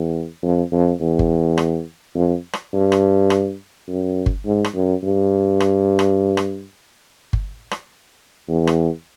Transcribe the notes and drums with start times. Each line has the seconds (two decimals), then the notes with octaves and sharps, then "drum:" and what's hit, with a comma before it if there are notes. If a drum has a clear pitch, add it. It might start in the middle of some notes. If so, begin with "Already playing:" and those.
Already playing: E2
0.42 F2
0.71 F2
1.00 E2
1.19 drum: kick G1
1.58 drum: rim click
2.15 F2
2.53 drum: rim click
2.73 G2
2.92 drum: rim click
3.30 drum: rim click
3.88 F#2
4.26 drum: kick G1
4.45 G#2
4.64 drum: rim click
4.74 F#2
5.03 G2
5.60 drum: rim click
5.99 drum: rim click
6.37 drum: rim click
7.33 drum: kick G1
7.71 drum: rim click
8.48 E2
8.67 drum: rim click